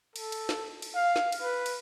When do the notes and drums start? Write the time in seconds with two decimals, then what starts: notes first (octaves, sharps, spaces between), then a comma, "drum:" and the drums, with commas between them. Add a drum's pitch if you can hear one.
0.16 A4, drum: cymbal
0.32 drum: cymbal
0.49 drum: snare
0.82 drum: cymbal
0.95 F5
1.16 drum: snare
1.32 drum: cymbal
1.42 B4
1.66 drum: cymbal